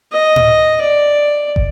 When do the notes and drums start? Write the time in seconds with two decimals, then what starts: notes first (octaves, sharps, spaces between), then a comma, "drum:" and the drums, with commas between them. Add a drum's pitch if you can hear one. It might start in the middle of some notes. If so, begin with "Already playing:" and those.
0.12 D#5
0.36 drum: tom A2
0.81 D5
1.56 drum: kick